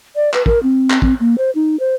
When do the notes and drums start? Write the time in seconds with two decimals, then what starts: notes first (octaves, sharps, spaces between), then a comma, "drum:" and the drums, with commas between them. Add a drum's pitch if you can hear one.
0.16 D5
0.34 B4, drum: clap
0.46 A#4, drum: kick
0.63 C4
0.90 drum: clap
1.02 C4, drum: kick
1.20 A#3
1.38 C5
1.55 D#4
1.80 C5